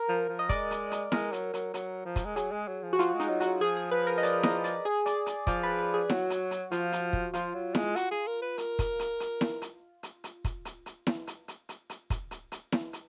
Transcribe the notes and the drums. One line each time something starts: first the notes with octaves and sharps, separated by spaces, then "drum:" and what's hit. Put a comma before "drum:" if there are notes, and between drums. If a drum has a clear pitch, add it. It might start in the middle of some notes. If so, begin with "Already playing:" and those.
Already playing: A#4
F3
F3
D#5
G#3 D5, drum: kick, hi-hat
drum: hi-hat
drum: hi-hat
G#3 A#4, drum: snare E4
F#3, drum: hi-hat
F#3, drum: hi-hat
F#3, drum: hi-hat
F3
drum: kick, hi-hat
G#3
F#3 G#4, drum: hi-hat
G#3
F#3
F3
F#4
F3 F4, drum: hi-hat
G#3
D#4, drum: hi-hat
F#3
F#4, drum: hi-hat
F#3
F3 G#4
G#4
F3 B4
A#4
D#5
D5, drum: hi-hat
D#5, drum: snare E4
D5, drum: hi-hat
G#4
D5, drum: hi-hat
D5, drum: hi-hat
F3 D5, drum: kick, hi-hat
B4
B4
G#4
F#3 F#4, drum: snare E4
drum: hi-hat
drum: hi-hat
F3 F4, drum: hi-hat
drum: hi-hat
drum: kick
F3 F4, drum: hi-hat
F#3
G#3, drum: snare E4
F#4, drum: hi-hat
G#4
A#4
B4
A#4, drum: hi-hat
drum: kick, hi-hat
drum: hi-hat
drum: hi-hat
drum: snare E4
drum: hi-hat
drum: hi-hat
drum: hi-hat
drum: kick, hi-hat
drum: hi-hat
drum: hi-hat
drum: snare E4
drum: hi-hat
drum: hi-hat
drum: hi-hat
drum: hi-hat
drum: kick, hi-hat
drum: hi-hat
drum: hi-hat
drum: snare E4
drum: hi-hat